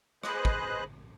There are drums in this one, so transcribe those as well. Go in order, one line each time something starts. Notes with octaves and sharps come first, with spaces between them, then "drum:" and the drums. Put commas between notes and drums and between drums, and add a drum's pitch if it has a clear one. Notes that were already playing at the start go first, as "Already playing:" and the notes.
G#4 B4 C5 D#5 F#6, drum: rim click
drum: kick